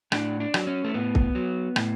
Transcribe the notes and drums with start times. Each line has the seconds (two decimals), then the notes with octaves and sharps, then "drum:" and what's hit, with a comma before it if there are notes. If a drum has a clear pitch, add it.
0.12 A2 D4, drum: rim click
0.40 D4
0.54 F#3, drum: rim click
0.67 C#4
0.84 A3
0.94 A2 B3
1.15 drum: kick C2
1.35 F#3
1.76 A2, drum: rim click